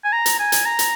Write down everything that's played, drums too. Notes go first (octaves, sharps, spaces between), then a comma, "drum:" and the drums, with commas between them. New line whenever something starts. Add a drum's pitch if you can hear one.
G#5
A#5
drum: hi-hat
G#5
drum: hi-hat
A#5
drum: hi-hat